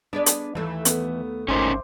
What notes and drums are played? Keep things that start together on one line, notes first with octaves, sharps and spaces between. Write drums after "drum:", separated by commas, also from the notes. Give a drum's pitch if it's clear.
B3 D4 G#4 D5
drum: hi-hat
D#2 E3 A3
B3, drum: hi-hat
G#1 C#4 D#4 A#4 C5 C6 D6